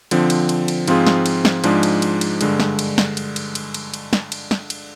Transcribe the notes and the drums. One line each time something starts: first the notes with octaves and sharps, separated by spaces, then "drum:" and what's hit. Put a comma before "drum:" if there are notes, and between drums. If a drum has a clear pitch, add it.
D3 F3 C4, drum: cymbal
drum: cymbal
drum: cymbal
drum: cymbal
G#2 F3 C4 F4 G#4, drum: cymbal
drum: snare
drum: cymbal
drum: snare
G#2 F3 G#3 D4, drum: cymbal
drum: cymbal
drum: cymbal
drum: cymbal
G2 D3 G#3, drum: cymbal
drum: snare
drum: cymbal
drum: snare
drum: cymbal
drum: cymbal
drum: cymbal
drum: cymbal
drum: cymbal
drum: snare
drum: cymbal
drum: snare
drum: cymbal